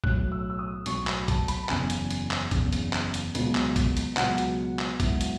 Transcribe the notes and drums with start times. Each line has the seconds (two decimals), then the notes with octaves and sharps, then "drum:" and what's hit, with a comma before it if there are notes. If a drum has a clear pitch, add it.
0.04 B1 A2 F#3 F#6, drum: kick
0.32 E6
0.50 E6
0.59 D#6
0.86 B1 A2 F#3 C#6, drum: hi-hat
1.02 C#6
1.07 B5, drum: clap
1.28 A5, drum: kick, hi-hat
1.48 B5, drum: hi-hat
1.69 F#1 E2 C#3 G#5, drum: clap
1.90 drum: hi-hat
2.10 drum: hi-hat
2.31 drum: clap
2.51 F#1 E2 C#3, drum: kick, hi-hat
2.73 drum: hi-hat
2.93 drum: clap
3.14 drum: hi-hat
3.35 C#2 B2 F#3 B3, drum: hi-hat
3.55 drum: clap
3.76 drum: kick, hi-hat
3.97 drum: hi-hat
4.17 C#2 B2 F#3 B3 F#5, drum: clap
4.38 drum: hi-hat
4.79 drum: clap
5.00 G#2 F#3 B3 E4, drum: kick, hi-hat
5.21 drum: hi-hat